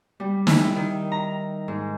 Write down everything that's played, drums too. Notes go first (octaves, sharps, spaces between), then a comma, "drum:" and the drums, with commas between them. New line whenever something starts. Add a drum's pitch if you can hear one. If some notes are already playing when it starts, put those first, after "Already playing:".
G3
E4, drum: snare
D#3
A#5
G#2